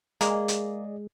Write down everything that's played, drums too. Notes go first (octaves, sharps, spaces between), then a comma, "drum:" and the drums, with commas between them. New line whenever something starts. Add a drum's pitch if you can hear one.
G#3 A#3 G#4 D5 D#5, drum: hi-hat
drum: hi-hat